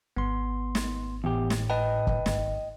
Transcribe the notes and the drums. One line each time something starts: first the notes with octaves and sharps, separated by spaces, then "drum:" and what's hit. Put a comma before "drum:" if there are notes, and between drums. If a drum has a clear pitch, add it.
G#1 B3 C6
drum: snare
E2 A2 G4
drum: snare
B4 D#5 G5 A5
drum: kick
G#1, drum: snare